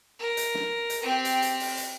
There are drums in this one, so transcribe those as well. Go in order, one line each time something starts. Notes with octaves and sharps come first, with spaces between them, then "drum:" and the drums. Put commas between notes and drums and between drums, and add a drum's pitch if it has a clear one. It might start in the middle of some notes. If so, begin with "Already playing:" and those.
A#4
drum: hi-hat
drum: snare
drum: hi-hat
C4 G4
drum: hi-hat
drum: hi-hat
drum: open hi-hat
drum: hi-hat